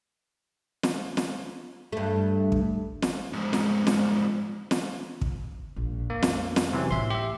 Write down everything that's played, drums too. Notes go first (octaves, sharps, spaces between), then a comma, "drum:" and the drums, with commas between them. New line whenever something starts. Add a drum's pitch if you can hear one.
drum: snare
drum: snare
G2 A3
drum: kick
drum: snare
F2 G#2
drum: snare
drum: snare
drum: snare
drum: kick
A#1
F2 A#3
drum: snare
drum: snare
C3 E3 F#3
A2 A3 E5 C6
G4 E5